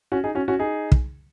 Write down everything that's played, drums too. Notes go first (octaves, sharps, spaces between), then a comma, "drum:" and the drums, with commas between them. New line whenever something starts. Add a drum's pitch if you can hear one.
C#4 F#4
D#4 G#4
C#4 F#4
C#4 F#4
D#4 G#4
drum: kick